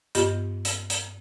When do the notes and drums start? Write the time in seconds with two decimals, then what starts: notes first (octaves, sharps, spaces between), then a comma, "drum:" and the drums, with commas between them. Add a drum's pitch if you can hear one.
0.15 G2 B3 F4 G4 D#5, drum: hi-hat
0.65 drum: hi-hat
0.90 drum: hi-hat